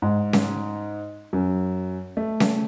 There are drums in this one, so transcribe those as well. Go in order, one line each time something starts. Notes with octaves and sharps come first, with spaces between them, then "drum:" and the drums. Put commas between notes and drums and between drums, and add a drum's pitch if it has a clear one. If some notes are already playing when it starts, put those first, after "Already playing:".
G#2
drum: snare C#4
F#2
A3
drum: snare C#4